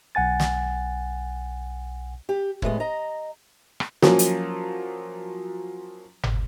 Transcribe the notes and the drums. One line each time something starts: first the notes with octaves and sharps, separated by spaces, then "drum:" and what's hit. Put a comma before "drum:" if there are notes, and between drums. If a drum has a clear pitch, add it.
B1 F#5 G#5 A6
drum: snare
G4
A2 E3 G#3 B3, drum: kick
D#5 A#5
drum: rim click
F3 F#3 A#3 C#4, drum: snare
drum: hi-hat
drum: tom G1